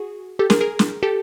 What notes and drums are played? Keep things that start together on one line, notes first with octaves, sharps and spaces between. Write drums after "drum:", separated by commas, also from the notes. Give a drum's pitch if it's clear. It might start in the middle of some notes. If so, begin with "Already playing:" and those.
Already playing: F#4 G#4
G4 A4
G#4 A#4, drum: snare
G#4 A#4
drum: snare
G4 A4